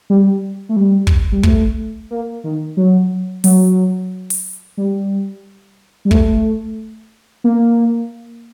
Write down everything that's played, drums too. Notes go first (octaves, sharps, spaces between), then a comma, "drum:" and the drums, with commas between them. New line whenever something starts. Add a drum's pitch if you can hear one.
G3
A3
G3
drum: kick
G3
A3, drum: kick
A#3
D#3
F#3
F#3, drum: open hi-hat
drum: open hi-hat
G3
G3
A3, drum: kick
A#3